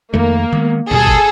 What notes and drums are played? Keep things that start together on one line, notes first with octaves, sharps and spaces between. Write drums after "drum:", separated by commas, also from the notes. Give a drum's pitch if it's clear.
F2 D#3 A3 A#3
D#3 G#3 B3
D#2 B2 G3 G#4 A4, drum: snare
drum: kick